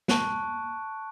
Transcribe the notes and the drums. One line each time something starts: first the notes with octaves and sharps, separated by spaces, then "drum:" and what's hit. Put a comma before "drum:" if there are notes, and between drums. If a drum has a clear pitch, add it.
A5 C#6 F#6 D7, drum: snare